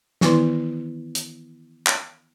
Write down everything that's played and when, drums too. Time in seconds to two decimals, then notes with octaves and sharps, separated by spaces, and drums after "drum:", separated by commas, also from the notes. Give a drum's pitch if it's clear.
0.21 D#3 E3 B3 E4 B4 C6, drum: snare
1.15 drum: hi-hat
1.86 drum: clap